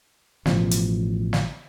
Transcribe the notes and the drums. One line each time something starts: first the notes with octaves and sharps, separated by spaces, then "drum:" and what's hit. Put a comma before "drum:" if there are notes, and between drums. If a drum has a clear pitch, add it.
A1 B2 F3, drum: snare
drum: hi-hat
drum: snare